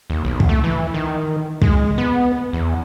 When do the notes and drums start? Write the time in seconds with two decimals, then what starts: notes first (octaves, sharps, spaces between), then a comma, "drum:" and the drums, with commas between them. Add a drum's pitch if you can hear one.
0.10 D#2
0.25 B1
0.40 drum: kick
0.49 A3
0.64 E3
0.94 D#3
1.62 G#3, drum: kick
1.98 B3
2.53 E2